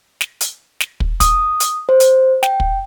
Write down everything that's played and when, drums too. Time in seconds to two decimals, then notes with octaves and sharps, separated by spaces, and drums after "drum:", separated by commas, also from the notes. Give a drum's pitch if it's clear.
0.21 drum: snare
0.41 drum: hi-hat
0.80 drum: snare
1.00 drum: kick
1.20 D#6, drum: kick, hi-hat
1.60 drum: hi-hat
1.89 C5
2.00 drum: hi-hat
2.43 G5, drum: snare
2.60 drum: kick